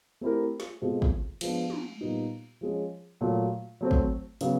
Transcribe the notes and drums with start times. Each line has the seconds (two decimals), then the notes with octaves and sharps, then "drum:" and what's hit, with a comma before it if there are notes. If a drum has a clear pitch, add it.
0.21 A3 C4 E4 G4 A#4
0.60 drum: snare
0.81 B2 G#3 C4 F4 A4
1.02 drum: kick
1.41 F3 G#3 B3 D4, drum: cymbal
1.70 drum: tom
2.01 A#2 G3 B3 D#4
2.61 F3 G#3 C#4
3.21 A#2 F#3 A3
3.81 F#3 A3 C4
3.91 drum: kick
4.41 C#3 F#3 B3, drum: hi-hat